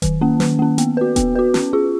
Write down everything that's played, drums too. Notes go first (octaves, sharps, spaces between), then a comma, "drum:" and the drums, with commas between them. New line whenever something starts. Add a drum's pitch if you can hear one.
D#3, drum: kick D#1, hi-hat
A#3 C#4
D#3, drum: snare
A#3 C#4
B3, drum: hi-hat
F#4 B4
B3, drum: kick D#1, hi-hat
F#4 B4
C#4, drum: snare
F4 G#4